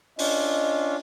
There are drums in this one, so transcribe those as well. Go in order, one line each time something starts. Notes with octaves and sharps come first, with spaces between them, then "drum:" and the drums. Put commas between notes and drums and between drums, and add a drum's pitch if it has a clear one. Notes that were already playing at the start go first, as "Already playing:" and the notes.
C#4 D4 F4 D#5, drum: open hi-hat